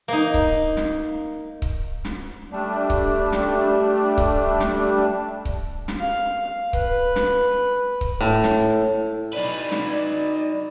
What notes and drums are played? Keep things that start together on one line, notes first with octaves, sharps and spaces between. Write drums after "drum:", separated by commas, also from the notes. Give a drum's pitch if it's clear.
A#3 D#4
drum: kick C#1
drum: snare
drum: kick C#1
drum: snare
G3 A3 D4
drum: kick C#1
drum: snare
drum: kick C#1
drum: snare
drum: kick C#1
drum: snare
F5
B4, drum: kick C#1
drum: snare
drum: kick C#1
A2
drum: snare
D#4 B4 D5
drum: snare